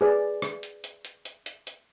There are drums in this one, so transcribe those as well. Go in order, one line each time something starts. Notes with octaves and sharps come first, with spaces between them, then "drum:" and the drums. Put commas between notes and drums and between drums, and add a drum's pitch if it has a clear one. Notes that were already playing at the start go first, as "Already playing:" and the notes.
G#4 B4 D5
drum: rim click
drum: hi-hat
drum: hi-hat
drum: hi-hat
drum: hi-hat
drum: hi-hat
drum: hi-hat